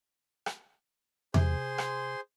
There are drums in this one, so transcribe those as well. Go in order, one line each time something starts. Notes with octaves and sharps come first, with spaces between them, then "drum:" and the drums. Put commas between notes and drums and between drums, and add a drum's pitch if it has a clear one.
drum: rim click
C3 G#4 C5 C6, drum: tom E2
drum: rim click